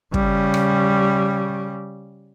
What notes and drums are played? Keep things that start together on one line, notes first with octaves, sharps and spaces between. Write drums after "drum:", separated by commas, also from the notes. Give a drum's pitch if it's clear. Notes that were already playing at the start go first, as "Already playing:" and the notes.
C#3 G3, drum: kick
drum: rim click